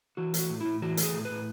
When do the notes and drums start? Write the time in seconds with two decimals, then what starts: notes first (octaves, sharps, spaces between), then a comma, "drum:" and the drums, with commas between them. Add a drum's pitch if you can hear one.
0.17 E3 F#4
0.34 A3, drum: hi-hat
0.39 F#4
0.50 A2
0.61 A2 E4
0.82 E3 F#4
0.97 A3, drum: hi-hat
1.03 G#4
1.13 A2
1.25 B4
1.31 A2